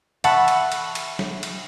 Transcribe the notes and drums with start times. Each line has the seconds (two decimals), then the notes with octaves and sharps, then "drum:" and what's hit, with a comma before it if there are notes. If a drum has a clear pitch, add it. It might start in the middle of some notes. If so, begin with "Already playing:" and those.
0.24 E5 F#5 A5 B5 C#6 E6, drum: cymbal
0.48 drum: cymbal
0.72 drum: cymbal
0.95 drum: cymbal
1.19 drum: snare
1.43 drum: cymbal